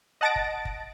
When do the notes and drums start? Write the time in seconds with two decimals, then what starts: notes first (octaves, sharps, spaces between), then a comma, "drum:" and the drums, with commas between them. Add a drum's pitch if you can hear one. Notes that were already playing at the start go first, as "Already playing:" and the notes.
0.21 D#5 F#5 A5 A6 A#6 D7
0.36 drum: kick
0.65 drum: kick